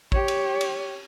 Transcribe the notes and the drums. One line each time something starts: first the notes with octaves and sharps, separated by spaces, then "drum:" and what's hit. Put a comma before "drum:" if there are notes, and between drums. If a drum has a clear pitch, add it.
G4 C#5, drum: kick A1
drum: cymbal
drum: cymbal